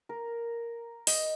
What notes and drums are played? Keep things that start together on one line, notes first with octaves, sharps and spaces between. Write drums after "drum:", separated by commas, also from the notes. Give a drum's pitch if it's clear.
A#4
D#5, drum: open hi-hat